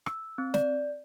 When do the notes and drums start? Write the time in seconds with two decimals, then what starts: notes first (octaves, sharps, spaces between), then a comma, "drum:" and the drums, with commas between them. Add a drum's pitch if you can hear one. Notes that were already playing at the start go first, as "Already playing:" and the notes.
0.06 E6, drum: rim click
0.38 C4
0.54 D5, drum: snare